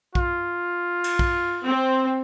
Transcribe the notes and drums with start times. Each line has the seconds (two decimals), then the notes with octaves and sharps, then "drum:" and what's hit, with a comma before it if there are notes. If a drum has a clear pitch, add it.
0.15 F4, drum: kick
1.04 drum: cymbal
1.19 drum: kick
1.66 C4